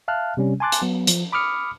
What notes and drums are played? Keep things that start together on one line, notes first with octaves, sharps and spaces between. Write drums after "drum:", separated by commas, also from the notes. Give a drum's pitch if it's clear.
E5 F5 A5 F6 F#6
C3 G3 C#4
G#5 A5 C6 D6 F#6 A6
drum: hi-hat
F#3 B3
F3, drum: hi-hat
B5 D6 D#6 F6 C#7